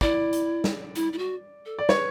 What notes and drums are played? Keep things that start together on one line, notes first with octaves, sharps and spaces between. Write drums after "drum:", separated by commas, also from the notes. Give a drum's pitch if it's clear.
E4 D5, drum: kick
drum: hi-hat
drum: snare
E4, drum: hi-hat
E4
F#4
A4
D5
B4 C#5, drum: snare